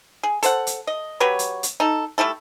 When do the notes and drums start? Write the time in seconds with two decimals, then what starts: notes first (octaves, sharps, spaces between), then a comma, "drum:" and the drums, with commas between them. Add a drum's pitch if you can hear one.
0.23 G#4
0.43 A4 C5 F#5, drum: hi-hat
0.67 drum: hi-hat
0.87 D#5
1.20 F#3 G4 B4 C#5
1.39 drum: hi-hat
1.63 drum: hi-hat
1.80 D#4 A4
2.18 G3 A3 E4 A4